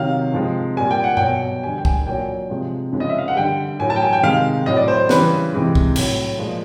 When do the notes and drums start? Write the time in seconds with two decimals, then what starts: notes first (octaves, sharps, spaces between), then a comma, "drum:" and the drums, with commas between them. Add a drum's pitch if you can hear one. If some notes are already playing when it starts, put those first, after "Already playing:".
Already playing: C3 D#3 F#3 F5
0.34 C3 F3 G#3
0.76 A#2 G3 G#5
0.91 G5
1.04 F#5
1.17 B2 F#3 G5, drum: tom G2
1.63 D3 G3 G#5
1.78 G5
1.85 G#5, drum: kick
2.06 A#2 F#3 G5
2.50 C3 F3 G#3
2.93 C#3 F3 G#3
3.00 D#5
3.09 E5
3.18 F5
3.28 F#5
3.36 D3 G3 G5
3.80 A2 F#3 G#5
3.90 A5
3.96 G5
4.02 G#5
4.13 G5
4.23 C3 D#3 G#3 F5
4.66 A2 F#3 D#5
4.76 D5
4.88 C5
5.09 C#3 E3 G3 B4, drum: snare
5.53 C3 E3 G#3
5.75 drum: kick
5.96 A2 F#3, drum: cymbal
6.39 A#2 F3 G#3